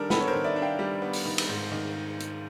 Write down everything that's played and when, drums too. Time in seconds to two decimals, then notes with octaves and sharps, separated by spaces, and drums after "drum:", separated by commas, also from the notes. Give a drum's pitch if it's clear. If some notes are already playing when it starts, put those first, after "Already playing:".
Already playing: D#3 G3 D4 A4 A#4
0.10 B3 A4 B4, drum: snare
0.20 C#5
0.27 A#4 C5
0.33 D#3
0.44 D5 E5
0.56 D4
0.62 F5 G5
0.79 G3
1.02 B3
1.13 drum: open hi-hat
1.26 D#3
1.38 drum: cymbal
1.48 G#2
1.72 D#3
2.20 drum: hi-hat